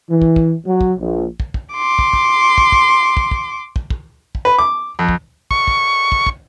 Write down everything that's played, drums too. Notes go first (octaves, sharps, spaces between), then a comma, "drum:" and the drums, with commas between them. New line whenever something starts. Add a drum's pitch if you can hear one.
E3
drum: kick
drum: kick
F#3
drum: kick
A#1
drum: kick
drum: kick
C6 D6
drum: kick
drum: kick
drum: kick
drum: kick
drum: kick
drum: kick
drum: kick
drum: kick
drum: kick
B4
D6
F2
drum: kick
C#6, drum: kick
drum: kick
drum: kick
drum: kick